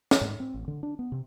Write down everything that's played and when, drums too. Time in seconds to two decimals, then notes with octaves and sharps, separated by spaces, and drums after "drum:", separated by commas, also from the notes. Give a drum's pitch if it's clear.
0.11 drum: snare
0.21 G#2
0.40 C4
0.54 A1
0.68 D3
0.83 D4
0.99 B3
1.12 C3